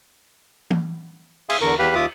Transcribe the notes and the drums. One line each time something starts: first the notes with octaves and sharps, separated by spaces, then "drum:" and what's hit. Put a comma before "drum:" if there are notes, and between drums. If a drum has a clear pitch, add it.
drum: tom E3
G#4 E5 F5 G#5 C6 D#6, drum: cymbal
E2 D3 A#4 C#6
E2 G4 B4 F5 B5
D#2 F4 E5 D6 D#6